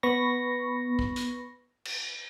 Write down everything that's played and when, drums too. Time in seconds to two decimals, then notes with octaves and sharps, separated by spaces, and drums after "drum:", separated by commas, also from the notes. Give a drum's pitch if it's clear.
0.03 B3 B5 C#6 A#6
0.99 drum: kick
1.16 drum: hi-hat
1.85 drum: cymbal